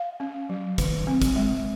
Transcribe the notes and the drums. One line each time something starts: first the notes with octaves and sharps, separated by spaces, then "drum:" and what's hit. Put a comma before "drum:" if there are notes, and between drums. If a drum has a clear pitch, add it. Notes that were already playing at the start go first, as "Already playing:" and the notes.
Already playing: F5
C#4
F#3
D#3, drum: kick, hi-hat
C4
drum: kick, hi-hat
G#3